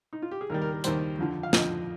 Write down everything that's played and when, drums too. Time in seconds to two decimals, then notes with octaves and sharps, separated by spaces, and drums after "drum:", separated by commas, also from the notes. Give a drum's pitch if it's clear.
0.13 D#4
0.22 F4
0.31 G4
0.41 G#4
0.50 D#2 D#3 G3 A#4
0.62 A#4
0.72 A#4
0.84 D#2 D#3 G3 C5, drum: hi-hat
1.19 F2 D3 F3
1.43 F5
1.53 F2 D3 F3 D#5, drum: snare